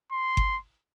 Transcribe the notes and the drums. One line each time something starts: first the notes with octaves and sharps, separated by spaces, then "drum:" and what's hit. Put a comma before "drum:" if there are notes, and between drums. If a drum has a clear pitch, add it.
C6
drum: kick G1